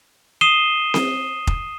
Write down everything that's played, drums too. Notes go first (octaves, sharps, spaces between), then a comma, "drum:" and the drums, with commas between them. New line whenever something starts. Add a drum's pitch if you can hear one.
D#6 C7 D#7 E7 G7
drum: snare C4
drum: kick F1